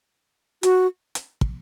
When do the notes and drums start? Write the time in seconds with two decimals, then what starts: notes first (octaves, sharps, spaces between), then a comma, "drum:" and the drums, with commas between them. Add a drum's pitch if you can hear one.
0.63 F#4, drum: hi-hat
1.15 drum: hi-hat
1.41 drum: kick